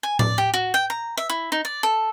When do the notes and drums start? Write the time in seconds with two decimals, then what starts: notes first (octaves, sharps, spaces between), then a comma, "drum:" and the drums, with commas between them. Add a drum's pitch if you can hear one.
0.03 G#5
0.19 D5, drum: tom A2
0.38 G4
0.54 F#4
0.74 G5
0.90 A#5
1.17 E5
1.29 E4
1.52 D#4
1.65 D5
1.83 A4